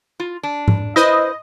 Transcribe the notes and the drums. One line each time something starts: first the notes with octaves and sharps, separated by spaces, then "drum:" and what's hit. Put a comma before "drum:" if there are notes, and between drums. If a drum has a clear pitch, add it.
F4
D4
drum: tom G#2
E4 B4 C5 D#5